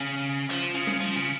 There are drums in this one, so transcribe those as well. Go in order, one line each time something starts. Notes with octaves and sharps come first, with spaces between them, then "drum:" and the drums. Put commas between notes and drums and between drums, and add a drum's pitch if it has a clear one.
C#3
F3, drum: clap
C#3
drum: tom
F3
C#3